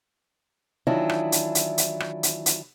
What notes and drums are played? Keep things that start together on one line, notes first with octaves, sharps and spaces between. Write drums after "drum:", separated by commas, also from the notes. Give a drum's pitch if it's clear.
D#3 E3 F#3 D4 E4 F4
drum: rim click
drum: hi-hat
drum: hi-hat
drum: hi-hat
drum: rim click
drum: hi-hat
drum: hi-hat